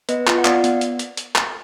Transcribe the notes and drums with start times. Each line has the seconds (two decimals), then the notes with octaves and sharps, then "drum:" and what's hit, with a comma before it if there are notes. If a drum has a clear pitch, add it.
0.09 B3 B4 D#5, drum: hi-hat
0.27 F4, drum: clap
0.38 F#5
0.45 B3 D5 F5, drum: clap
0.64 B3, drum: hi-hat
0.81 drum: hi-hat
0.99 drum: hi-hat
1.17 drum: hi-hat
1.35 drum: clap